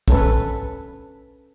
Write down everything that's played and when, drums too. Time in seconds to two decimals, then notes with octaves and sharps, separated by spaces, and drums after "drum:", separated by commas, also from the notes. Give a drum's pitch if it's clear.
0.08 C#4 A4 B4, drum: kick